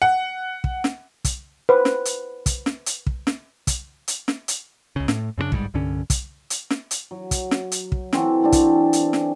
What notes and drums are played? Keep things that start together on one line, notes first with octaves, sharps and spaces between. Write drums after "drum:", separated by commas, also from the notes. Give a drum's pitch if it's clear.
F#5
drum: kick
drum: snare
drum: kick, hi-hat
B4 C5
drum: snare
drum: hi-hat
drum: kick, hi-hat
drum: snare
drum: hi-hat
drum: kick
drum: snare
drum: kick, hi-hat
drum: hi-hat
drum: snare
drum: hi-hat
C#2 C#3
A2, drum: snare
F#2 C#3 A3 D4
G1 G#2 D3 G3, drum: kick
C2 G2 D3 C#4
drum: kick, hi-hat
drum: hi-hat
drum: snare
drum: hi-hat
F#3
drum: kick, hi-hat
drum: snare
drum: hi-hat
drum: kick
E3 C4 F#4 A4, drum: snare
E3 C4 D4
drum: kick, hi-hat
drum: hi-hat
drum: snare